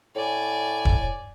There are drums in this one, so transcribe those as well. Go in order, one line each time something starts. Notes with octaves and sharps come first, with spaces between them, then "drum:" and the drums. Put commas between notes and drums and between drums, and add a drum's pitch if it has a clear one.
A2 D5 G#5
drum: kick D#1